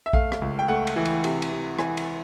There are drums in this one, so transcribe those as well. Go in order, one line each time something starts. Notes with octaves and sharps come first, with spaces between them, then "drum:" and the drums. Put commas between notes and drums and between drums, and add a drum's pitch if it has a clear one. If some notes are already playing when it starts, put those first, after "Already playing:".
E5
A3 F5, drum: kick A#1
drum: rim click
C#2
G5
A3 F#5
drum: cymbal
E3
drum: cymbal
C3, drum: cymbal
drum: cymbal
C3
E3 G#5, drum: rim click
drum: cymbal